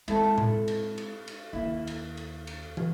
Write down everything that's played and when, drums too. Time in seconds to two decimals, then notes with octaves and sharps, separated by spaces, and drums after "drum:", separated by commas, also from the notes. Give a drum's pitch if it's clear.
0.08 G#3 C4 E4 A4, drum: cymbal
0.38 drum: tom A2
0.68 drum: cymbal
0.98 drum: cymbal
1.27 drum: cymbal
1.53 D#2 D#3 E4
1.87 drum: cymbal
2.17 drum: cymbal
2.47 drum: cymbal
2.77 drum: tom